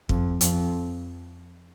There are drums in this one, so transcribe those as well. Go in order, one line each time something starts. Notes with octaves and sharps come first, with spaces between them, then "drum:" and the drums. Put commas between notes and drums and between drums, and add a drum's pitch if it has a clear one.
F2, drum: kick
F2, drum: hi-hat